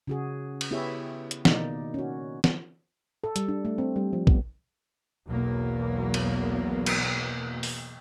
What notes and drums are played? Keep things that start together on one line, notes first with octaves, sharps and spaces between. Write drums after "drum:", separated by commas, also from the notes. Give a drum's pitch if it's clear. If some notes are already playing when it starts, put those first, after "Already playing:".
C#3 F#4 G#4
drum: cymbal
B3 E4 G4 G#4 C#5 E5
drum: hi-hat
B2 D#3 A#3 D#4 D5, drum: snare
C#4 F#4
drum: snare
A4
G3, drum: hi-hat
D4
A3
C4
G3
F3
B3, drum: kick
B1 E2 F#3 A#3 B3
drum: cymbal
drum: cymbal
drum: open hi-hat